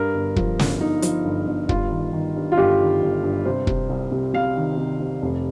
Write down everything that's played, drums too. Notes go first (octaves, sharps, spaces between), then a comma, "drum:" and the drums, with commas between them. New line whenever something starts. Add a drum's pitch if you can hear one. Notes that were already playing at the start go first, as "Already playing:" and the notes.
Already playing: G2 A#4
G1
F3, drum: kick
G1, drum: snare
G1 D#4
F3, drum: hi-hat
G1
G1
G2 F4, drum: kick
D#3
D#3
G2
F4
G1 G4
D#3
G1
G2
C3 C5
C3, drum: kick
C2
C3
C3 F5
D#3
C3
C3
F1